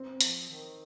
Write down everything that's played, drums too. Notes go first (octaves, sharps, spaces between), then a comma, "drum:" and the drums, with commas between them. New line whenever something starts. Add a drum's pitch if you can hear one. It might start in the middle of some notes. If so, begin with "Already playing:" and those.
Already playing: C4
F3, drum: hi-hat
D#3